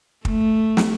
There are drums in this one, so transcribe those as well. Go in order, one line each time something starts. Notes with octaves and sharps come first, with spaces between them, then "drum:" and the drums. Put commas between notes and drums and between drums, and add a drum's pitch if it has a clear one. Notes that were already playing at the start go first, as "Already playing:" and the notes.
A3, drum: kick
drum: snare